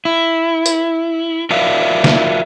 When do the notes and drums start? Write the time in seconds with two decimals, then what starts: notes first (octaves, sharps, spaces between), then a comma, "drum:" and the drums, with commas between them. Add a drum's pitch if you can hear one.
0.05 E4
0.66 drum: hi-hat
1.50 F4 F#4 A#4 D5 E5 F5
2.04 drum: snare